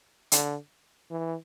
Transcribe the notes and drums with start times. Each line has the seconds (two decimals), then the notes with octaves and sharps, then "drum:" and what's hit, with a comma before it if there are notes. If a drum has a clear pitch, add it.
0.32 D3, drum: hi-hat
1.10 E3